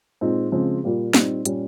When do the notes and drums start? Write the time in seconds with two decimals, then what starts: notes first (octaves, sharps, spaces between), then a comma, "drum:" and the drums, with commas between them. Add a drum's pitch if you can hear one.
0.21 A#2 G#3 C4 D#4
0.52 C#3 F3 G#3 C4
0.84 A#2 G3 A#3
1.14 A#2 G3 C4 D#4, drum: snare
1.45 A#2 G3 C#4, drum: hi-hat